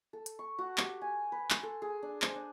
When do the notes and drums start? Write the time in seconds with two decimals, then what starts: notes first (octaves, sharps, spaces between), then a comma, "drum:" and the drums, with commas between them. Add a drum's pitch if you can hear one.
0.13 A4
0.26 drum: hi-hat
0.39 C#6
0.59 F#4
0.78 G4, drum: clap
1.02 G#5
1.32 B4
1.50 C6, drum: clap
1.63 A4
1.82 G#4
2.03 D4
2.22 C5, drum: clap
2.35 D4